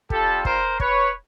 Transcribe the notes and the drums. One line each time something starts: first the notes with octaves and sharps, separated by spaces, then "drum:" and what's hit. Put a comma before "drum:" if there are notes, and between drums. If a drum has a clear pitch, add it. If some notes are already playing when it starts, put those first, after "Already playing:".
G3 C4 F4 G4 A4, drum: kick
A#4 C5, drum: kick
B4 C#5, drum: kick